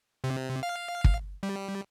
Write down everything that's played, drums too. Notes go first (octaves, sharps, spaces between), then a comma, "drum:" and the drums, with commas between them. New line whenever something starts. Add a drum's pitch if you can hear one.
C3
F5
drum: kick
G3